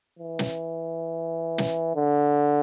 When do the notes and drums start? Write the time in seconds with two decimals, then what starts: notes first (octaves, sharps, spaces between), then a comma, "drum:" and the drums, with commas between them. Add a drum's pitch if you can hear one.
0.19 E3
0.39 drum: snare
1.58 drum: snare
1.95 D3